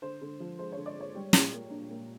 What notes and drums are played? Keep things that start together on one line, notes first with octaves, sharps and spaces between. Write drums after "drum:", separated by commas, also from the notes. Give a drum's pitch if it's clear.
D3 C5
D3
F3
G#3 C5
C#5
D3
D5
G#3 C#5
G3
A#2, drum: snare
A#3
D4
A#3